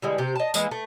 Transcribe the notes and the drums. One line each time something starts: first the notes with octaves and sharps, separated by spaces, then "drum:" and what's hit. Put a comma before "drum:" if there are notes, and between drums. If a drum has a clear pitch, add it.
D3 E3 G3 G#3
C3 G4
D#5 A5
E3 G#3 A#3, drum: tambourine
A3